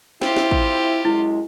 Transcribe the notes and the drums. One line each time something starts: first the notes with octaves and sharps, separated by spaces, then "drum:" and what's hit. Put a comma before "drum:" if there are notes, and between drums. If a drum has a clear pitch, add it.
C4 E4 F4 G4, drum: snare
drum: snare
drum: kick
F#2 G#3 E4